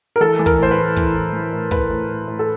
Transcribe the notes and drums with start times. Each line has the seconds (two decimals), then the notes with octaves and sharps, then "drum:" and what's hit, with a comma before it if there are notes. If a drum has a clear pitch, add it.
0.16 A#4
0.20 E3 A4
0.39 E3
0.46 A#4, drum: kick
0.58 A2 C5
0.71 B4
0.78 E3
0.96 E3, drum: kick
1.15 A2
1.33 E3
1.52 A2
1.71 E3 B4, drum: kick
1.90 A2
2.08 A2
2.27 A2
2.39 A4